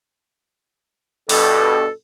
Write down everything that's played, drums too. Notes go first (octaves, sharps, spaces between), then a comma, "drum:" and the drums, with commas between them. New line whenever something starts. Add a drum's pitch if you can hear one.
G2 B2 A4, drum: open hi-hat